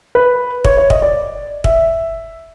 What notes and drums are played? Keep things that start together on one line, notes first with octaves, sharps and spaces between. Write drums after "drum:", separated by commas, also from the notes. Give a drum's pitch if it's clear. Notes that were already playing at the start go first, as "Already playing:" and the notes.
B4
C#5, drum: kick
C#5
D#5, drum: kick
D5
E5, drum: kick